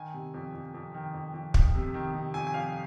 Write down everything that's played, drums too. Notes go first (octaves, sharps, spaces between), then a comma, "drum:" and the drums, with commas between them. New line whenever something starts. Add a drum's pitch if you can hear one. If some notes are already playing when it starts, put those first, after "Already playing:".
Already playing: D#3 G#5
C3
F2
F2
F2
D#3
F2
F2
F2, drum: kick
C3
D#3
C3
F2 G#5
G#5
F2 F5